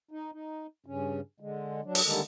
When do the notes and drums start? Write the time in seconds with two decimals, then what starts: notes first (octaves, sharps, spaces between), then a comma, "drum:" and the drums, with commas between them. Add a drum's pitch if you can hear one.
0.11 D#4
0.32 D#4
0.86 G2 C#3 C#4
1.40 D3 G#3
1.84 F#3 D4
1.95 drum: open hi-hat
2.05 D3 D#3 G3 G#3 A#3 A4